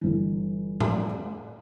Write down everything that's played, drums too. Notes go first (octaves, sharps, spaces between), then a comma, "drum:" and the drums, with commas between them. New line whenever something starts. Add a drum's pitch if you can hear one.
G1 E3
drum: tom A2